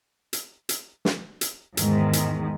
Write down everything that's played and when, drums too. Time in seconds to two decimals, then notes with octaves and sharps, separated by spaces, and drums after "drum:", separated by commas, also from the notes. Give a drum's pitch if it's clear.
0.33 drum: hi-hat
0.69 drum: hi-hat
1.05 drum: snare
1.41 drum: hi-hat
1.77 E2 G#2 D#3, drum: hi-hat
2.13 drum: hi-hat